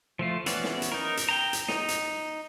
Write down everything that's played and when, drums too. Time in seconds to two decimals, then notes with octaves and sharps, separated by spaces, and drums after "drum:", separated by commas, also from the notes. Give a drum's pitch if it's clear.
0.19 F3 A3 F4
0.46 E3 B3 C#4 F#4 D5, drum: hi-hat
0.64 drum: snare
0.82 drum: hi-hat
0.92 D#4 A#4
1.17 drum: hi-hat
1.29 G5 A#5
1.53 drum: hi-hat
1.68 D#4, drum: snare
1.88 drum: hi-hat